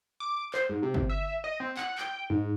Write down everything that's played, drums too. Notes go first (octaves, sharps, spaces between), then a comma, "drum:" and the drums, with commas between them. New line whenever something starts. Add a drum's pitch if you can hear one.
D6
C5, drum: clap
G#2
C3
drum: kick G1
E5
D#5
C4
F#5, drum: clap
G5, drum: clap
G#2